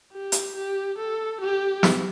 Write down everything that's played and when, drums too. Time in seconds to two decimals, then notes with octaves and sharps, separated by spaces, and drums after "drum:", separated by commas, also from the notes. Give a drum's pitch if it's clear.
0.13 G4
0.32 drum: hi-hat
0.56 G4
0.98 A4
1.41 G4
1.83 drum: snare